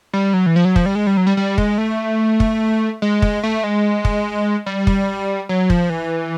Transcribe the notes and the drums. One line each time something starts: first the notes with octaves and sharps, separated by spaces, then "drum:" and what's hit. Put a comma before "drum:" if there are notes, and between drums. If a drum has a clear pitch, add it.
G3
F#3
E3
F3
F#3
F3, drum: kick
G3
G#3
G3
F#3
G3
G3
G#3, drum: kick
A3
drum: kick
G#3
drum: kick
A3
G#3
drum: kick
G3
drum: kick
F#3
F3, drum: kick
E3